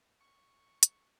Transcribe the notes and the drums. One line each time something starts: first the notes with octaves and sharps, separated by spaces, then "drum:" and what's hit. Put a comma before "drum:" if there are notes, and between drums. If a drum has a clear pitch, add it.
C#6
drum: hi-hat